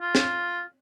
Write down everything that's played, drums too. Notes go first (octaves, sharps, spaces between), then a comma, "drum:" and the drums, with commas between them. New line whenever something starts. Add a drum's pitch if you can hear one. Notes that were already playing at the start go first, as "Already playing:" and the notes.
F4
drum: snare